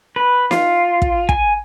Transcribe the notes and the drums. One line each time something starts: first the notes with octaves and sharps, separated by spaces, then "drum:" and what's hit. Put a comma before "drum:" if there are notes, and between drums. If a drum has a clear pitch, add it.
B4
F4, drum: snare
drum: kick
G#5, drum: kick